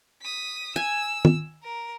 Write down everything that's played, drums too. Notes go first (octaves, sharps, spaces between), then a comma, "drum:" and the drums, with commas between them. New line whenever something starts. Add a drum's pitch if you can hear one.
D#6 B6
G#5 E6
drum: tom
A#4